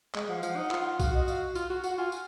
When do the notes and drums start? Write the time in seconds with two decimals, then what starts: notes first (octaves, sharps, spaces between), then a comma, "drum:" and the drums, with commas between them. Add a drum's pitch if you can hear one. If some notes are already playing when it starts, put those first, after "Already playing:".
0.15 G#3 D#5, drum: clap
0.28 F3 F#5
0.38 F5
0.43 F3, drum: tambourine
0.48 F#5
0.57 D#4
0.71 F4, drum: clap
1.00 F#4 F5, drum: kick B1, tambourine
1.14 D#5
1.28 F5, drum: tambourine
1.55 F4, drum: tambourine
1.70 F#4
1.84 F#4 F#5, drum: tambourine
1.98 F4 G#5
2.12 drum: tambourine